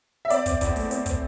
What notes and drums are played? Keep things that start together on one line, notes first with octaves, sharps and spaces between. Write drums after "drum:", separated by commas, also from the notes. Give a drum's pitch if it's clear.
E5
C4 D5, drum: hi-hat
C4, drum: kick, hi-hat
E2, drum: kick, hi-hat
A3, drum: open hi-hat
C4, drum: hi-hat
C4, drum: kick, hi-hat